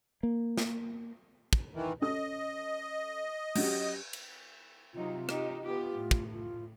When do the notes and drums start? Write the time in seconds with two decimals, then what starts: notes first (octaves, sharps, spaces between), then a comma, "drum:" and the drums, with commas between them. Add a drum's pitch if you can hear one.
0.23 A#3
0.58 drum: snare
1.53 drum: kick
1.74 D#3 E3
2.02 C#4 A4 D#5 D#6
3.55 F#3 C#4 G4, drum: cymbal
4.13 drum: cymbal
4.94 C3 F#3 D#4 F4
5.29 D#4 G4, drum: rim click
5.62 B3 F4 G4
5.95 A2
6.11 drum: kick
6.33 F4